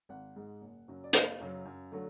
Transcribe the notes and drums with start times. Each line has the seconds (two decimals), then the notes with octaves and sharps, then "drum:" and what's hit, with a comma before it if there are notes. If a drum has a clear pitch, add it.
0.09 G#1 F#5
0.36 G#2 G#3
0.61 F#1
0.88 F#2 C#3 F#3
1.04 D5
1.13 F#1 F5, drum: hi-hat
1.40 F#2 C#3 F#3
1.65 F#2
1.92 D3 F#3 A3